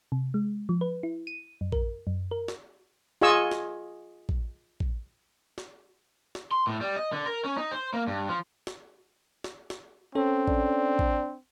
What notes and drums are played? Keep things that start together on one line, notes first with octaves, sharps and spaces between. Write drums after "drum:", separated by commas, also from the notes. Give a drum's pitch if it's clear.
C3
G#3
F3
B4
E4
D#7
F#2
A#4, drum: kick
F#2
A#4
drum: snare
F4 G#4 D#5 G#5 C#6 E6
drum: snare
drum: kick
drum: kick
drum: snare
drum: snare
C6
A2
G3
D#5
D3
A#4
C#4
D#4
C5
A#3
G2
F3
drum: snare
drum: snare
drum: snare
C4 C#4 A4 C#5
D4, drum: kick
drum: kick